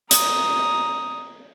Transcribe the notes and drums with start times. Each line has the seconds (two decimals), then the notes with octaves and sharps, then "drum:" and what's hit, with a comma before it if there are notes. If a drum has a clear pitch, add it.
0.11 A#5 D#6, drum: hi-hat